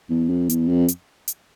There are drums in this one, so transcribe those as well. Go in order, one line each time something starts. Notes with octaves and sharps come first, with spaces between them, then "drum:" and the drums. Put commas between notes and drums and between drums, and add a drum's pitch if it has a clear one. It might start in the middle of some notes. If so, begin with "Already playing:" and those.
E2
F2
E2, drum: hi-hat
F2
drum: hi-hat
drum: hi-hat